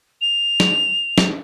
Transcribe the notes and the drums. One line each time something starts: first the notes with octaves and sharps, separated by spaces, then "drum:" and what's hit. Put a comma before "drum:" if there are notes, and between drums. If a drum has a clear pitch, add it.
F7
drum: snare
drum: snare